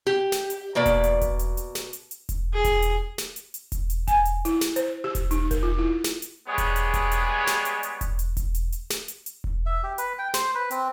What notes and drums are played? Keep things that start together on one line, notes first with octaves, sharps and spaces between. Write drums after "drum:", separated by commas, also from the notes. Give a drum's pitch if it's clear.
G4
drum: snare
drum: hi-hat
B2 A#3 B4 D5
drum: kick E1, hi-hat
drum: hi-hat
drum: kick E1, hi-hat
drum: hi-hat
drum: hi-hat
drum: snare
drum: hi-hat
drum: hi-hat
drum: kick E1, hi-hat
G#4
drum: kick E1, hi-hat
drum: hi-hat
drum: snare
drum: hi-hat
drum: hi-hat
drum: kick E1, hi-hat
drum: hi-hat
G#5, drum: kick E1, hi-hat
drum: hi-hat
E4, drum: hi-hat
drum: snare
C5, drum: hi-hat
G4
drum: kick E1, hi-hat
D#4, drum: hi-hat
A#4, drum: kick E1, hi-hat
F4
E4
drum: snare
drum: hi-hat
G3 G#3 B3 G#4 C#5
drum: kick E1, hi-hat
drum: hi-hat
drum: kick E1, hi-hat
drum: hi-hat
drum: snare
drum: hi-hat
drum: hi-hat
drum: kick E1, hi-hat
drum: hi-hat
drum: kick E1, hi-hat
drum: hi-hat
drum: hi-hat
drum: snare
drum: hi-hat
drum: hi-hat
drum: kick E1
E5
G4
B4, drum: hi-hat
G5
C5, drum: snare
B4
C4, drum: hi-hat